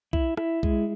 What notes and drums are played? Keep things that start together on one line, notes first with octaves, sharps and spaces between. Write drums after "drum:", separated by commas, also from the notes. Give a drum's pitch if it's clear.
E4, drum: kick B1
E4, drum: rim click
G#3, drum: kick B1